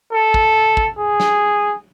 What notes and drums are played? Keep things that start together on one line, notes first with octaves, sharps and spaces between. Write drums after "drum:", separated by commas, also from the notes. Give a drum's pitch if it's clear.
A4
drum: kick
drum: kick
G#4
drum: snare